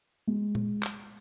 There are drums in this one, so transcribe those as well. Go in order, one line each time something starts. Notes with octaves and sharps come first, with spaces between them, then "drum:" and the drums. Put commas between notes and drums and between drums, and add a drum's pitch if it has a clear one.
G#3
drum: tom A#2
drum: clap